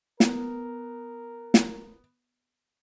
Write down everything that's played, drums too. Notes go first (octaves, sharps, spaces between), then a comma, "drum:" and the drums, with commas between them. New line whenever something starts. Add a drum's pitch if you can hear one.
B3 A#4, drum: snare
drum: snare